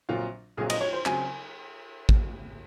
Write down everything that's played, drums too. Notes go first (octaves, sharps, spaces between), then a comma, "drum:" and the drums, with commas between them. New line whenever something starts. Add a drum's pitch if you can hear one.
A#1 A#2 F#3 C4 F4
A#1 A#2 F#3 C4 F4 G#4
D#5, drum: cymbal
C#5
C5
C#3 F#3 C4 G#5, drum: clap
drum: kick